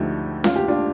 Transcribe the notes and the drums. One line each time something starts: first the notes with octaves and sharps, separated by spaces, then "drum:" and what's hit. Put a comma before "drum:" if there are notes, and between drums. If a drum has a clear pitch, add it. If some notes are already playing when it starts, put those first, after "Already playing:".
Already playing: D2 D3 F3 A3 D#4 G4
F4, drum: snare C#4
G4
D4 F4